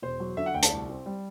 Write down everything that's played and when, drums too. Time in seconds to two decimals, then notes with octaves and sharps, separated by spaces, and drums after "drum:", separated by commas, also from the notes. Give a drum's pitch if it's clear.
0.02 E1 C5
0.20 F#3
0.37 D3 E5
0.46 F#5
0.54 D2 G5
0.63 A5, drum: hi-hat
0.72 C2
0.89 C4
1.06 G3